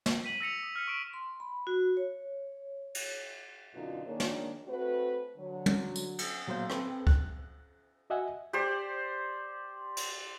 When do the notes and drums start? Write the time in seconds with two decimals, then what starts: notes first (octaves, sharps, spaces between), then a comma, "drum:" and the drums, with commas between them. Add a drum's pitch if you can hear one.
0.06 drum: snare
0.24 B6 D#7 F#7
0.40 E6 A#6 C#7 F7
0.63 D#6
0.76 F6 C#7
0.87 C#6 D7 E7
1.14 C6
1.40 B5
1.67 F#4
1.97 C#5
2.95 drum: cymbal
3.73 F#2 B2 D3 D#4 F4
4.06 D#3 A#3 D4 G#4 C#5
4.20 drum: snare
4.68 A3 C4 F#4 B4
5.37 D3 F#3
5.66 drum: tom
5.96 drum: tambourine
6.19 drum: cymbal
6.48 A#2 F#3 B3 C5 F5 G6
6.70 C4 A4 B4 G5, drum: rim click
7.07 F#6, drum: kick C#2
8.10 F#4 D#5 E5 F#5 G#5
8.53 G4 C5 D5
9.97 drum: cymbal